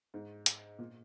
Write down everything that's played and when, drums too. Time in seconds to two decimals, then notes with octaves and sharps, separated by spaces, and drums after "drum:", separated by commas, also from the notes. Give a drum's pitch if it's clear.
0.14 G#2
0.46 drum: hi-hat
0.79 A#2